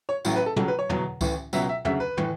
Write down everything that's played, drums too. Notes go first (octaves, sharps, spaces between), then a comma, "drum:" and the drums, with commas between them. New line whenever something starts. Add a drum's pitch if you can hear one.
C#5
A1 A2 F#3, drum: tambourine
B4
A4
C#2 C#3 F#3 A4, drum: tom
B4
C#5
E2 B2 F#3, drum: tom
A1 A2 E3, drum: kick C#2, tambourine
C#2 B2 F#3 E5, drum: tambourine
E5
D2 C#3 F#3 E5, drum: tom
B4
A2 E3, drum: tom